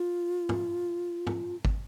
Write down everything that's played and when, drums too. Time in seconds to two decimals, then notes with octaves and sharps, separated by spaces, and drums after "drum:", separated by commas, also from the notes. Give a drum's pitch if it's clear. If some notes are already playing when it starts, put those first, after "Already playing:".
Already playing: F4
0.49 drum: tom
1.27 drum: tom
1.65 drum: kick